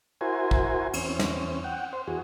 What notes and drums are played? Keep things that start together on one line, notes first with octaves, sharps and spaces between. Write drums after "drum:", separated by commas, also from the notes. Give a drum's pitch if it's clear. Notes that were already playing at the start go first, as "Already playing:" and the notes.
E4 F#4 A#4 C5 G#5
drum: kick
E2 C4 C#4, drum: cymbal
drum: snare
F#5 G5
C5
E2 F#4 G#4